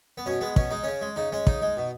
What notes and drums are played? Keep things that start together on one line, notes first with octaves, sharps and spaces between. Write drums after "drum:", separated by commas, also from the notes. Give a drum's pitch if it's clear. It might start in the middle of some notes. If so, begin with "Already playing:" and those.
B3
B2 C#4
G#3 B3
B2 C#4, drum: kick
G#3 D#4
C#3 C#4
G#3
C#3 D#4
G#3 C#4
C#3 D#4, drum: kick
G#3
B2